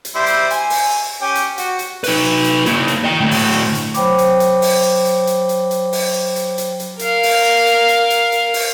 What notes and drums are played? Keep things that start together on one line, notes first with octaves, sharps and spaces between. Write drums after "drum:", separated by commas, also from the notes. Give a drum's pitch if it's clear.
drum: hi-hat
G3 E4 C5
drum: hi-hat
G#5, drum: hi-hat
drum: open hi-hat
C#4 G4
drum: hi-hat
F#4, drum: hi-hat
drum: hi-hat
D#4 B4, drum: open hi-hat
drum: hi-hat
A#3 E4, drum: hi-hat
drum: hi-hat
D#5 G5
D2 A2
drum: open hi-hat
drum: hi-hat
F#3 C5 C#5 G5 B5 D6, drum: hi-hat
drum: hi-hat
drum: hi-hat
drum: open hi-hat
drum: hi-hat
drum: hi-hat
drum: hi-hat
drum: hi-hat
drum: open hi-hat
drum: hi-hat
drum: hi-hat
drum: hi-hat
A#4 F5, drum: hi-hat
drum: open hi-hat
drum: hi-hat
drum: hi-hat
drum: hi-hat
drum: hi-hat
drum: open hi-hat